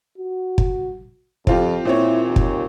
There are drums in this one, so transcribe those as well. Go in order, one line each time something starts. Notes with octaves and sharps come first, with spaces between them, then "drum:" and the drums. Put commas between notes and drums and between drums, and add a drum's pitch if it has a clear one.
F#4
drum: kick
F2 C4 F4 G4, drum: kick
A#2 C4 E4 C#5
D#2
drum: kick